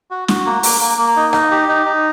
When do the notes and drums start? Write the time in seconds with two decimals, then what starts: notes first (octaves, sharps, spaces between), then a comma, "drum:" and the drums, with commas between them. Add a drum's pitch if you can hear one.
0.11 F#4
0.28 F#4, drum: snare
0.46 A#3
0.63 A#3, drum: open hi-hat
0.81 A#3
0.98 A#3
1.16 D#4
1.33 D#4, drum: rim click
1.51 G4
1.69 D#4
1.86 D#4